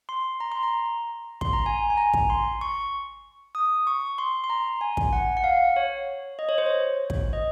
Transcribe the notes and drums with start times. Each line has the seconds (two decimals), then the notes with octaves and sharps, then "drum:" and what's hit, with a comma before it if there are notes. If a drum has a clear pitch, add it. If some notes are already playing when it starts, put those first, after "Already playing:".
0.09 C6
0.40 A#5
0.52 C6
0.63 A#5
1.41 C6, drum: kick
1.53 A#5
1.66 G#5
1.90 G#5
1.97 A#5
2.14 drum: kick
2.30 C6
2.61 C#6
3.55 D#6
3.87 C#6
4.18 C6
4.44 C6
4.50 A#5
4.81 G#5
4.97 drum: kick
5.13 F#5
5.37 F#5
5.44 F5
5.76 C#5
6.39 D#5
6.49 C#5
6.58 C5
6.66 C#5
7.10 drum: kick
7.33 D#5